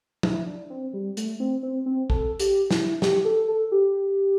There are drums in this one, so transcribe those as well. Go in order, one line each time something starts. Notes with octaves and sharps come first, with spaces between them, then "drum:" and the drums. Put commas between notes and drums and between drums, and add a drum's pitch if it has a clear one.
E4, drum: tom
D4
C4
G3
A3, drum: hi-hat
C4
C4
C4
A4, drum: kick
G4, drum: hi-hat
E4, drum: snare
G4, drum: snare
A4
A4
G4